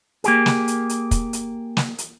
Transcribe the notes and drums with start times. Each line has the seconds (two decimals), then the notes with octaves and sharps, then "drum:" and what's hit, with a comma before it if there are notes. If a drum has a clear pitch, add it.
0.24 A#3 G4 G#4, drum: hi-hat
0.46 drum: snare
0.68 drum: hi-hat
0.89 drum: hi-hat
1.11 drum: kick, hi-hat
1.33 drum: hi-hat
1.77 drum: snare
1.98 drum: hi-hat